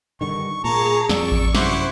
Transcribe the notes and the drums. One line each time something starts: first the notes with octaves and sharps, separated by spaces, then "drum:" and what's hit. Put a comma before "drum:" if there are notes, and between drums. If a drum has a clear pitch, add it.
G2 D3 D#3 C#6
A#2 A#3 G#4 A5 A#5 C#6
F2 D5 C#6 E6, drum: snare
drum: kick A1
F#2 C3 E4 F#4 C5 D6, drum: snare